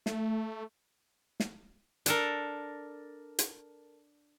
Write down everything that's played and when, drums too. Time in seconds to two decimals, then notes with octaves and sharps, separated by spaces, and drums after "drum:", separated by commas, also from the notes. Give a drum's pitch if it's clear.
0.06 A3, drum: snare
1.40 drum: snare
2.06 D4 A4 A#4, drum: hi-hat
3.39 drum: hi-hat